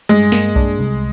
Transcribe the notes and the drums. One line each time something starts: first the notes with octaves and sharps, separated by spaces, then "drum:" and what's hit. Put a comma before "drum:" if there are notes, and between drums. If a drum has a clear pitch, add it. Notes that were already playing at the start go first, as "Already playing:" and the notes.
G2 G#3
A#3, drum: snare
D4, drum: kick B1
C2